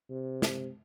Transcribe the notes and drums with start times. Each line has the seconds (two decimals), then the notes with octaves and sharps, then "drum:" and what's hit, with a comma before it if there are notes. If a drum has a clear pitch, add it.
0.10 C3
0.42 drum: snare